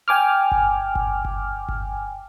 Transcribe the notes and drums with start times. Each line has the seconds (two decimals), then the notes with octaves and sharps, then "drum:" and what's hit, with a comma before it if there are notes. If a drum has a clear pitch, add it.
0.08 G5 G#5 D6 F6
0.52 drum: kick G1
0.95 drum: kick G1
1.25 drum: kick G1
1.69 drum: kick G1